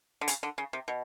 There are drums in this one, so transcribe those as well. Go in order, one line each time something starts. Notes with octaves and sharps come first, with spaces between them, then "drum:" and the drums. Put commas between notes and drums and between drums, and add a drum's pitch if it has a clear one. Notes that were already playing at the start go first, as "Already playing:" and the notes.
D3
C#3, drum: hi-hat
D3
C#3
C3
B2